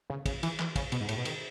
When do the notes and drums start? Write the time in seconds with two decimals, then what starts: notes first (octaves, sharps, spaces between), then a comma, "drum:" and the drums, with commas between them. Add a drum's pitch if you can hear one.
0.10 C#3
0.26 C#3, drum: kick, cymbal
0.43 E3, drum: cymbal
0.59 E3, drum: clap
0.76 C#3, drum: kick, cymbal
0.92 B2, drum: cymbal
1.01 G#2
1.09 A2, drum: cymbal
1.17 B2
1.25 D#3, drum: cymbal